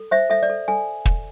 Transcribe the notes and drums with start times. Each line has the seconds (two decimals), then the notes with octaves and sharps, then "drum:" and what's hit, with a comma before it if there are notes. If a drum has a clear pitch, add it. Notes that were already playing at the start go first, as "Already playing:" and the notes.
Already playing: A4
0.11 C5 E5
0.30 A4 E5
0.43 D5
0.50 A4
0.68 A4 G#5
1.05 drum: kick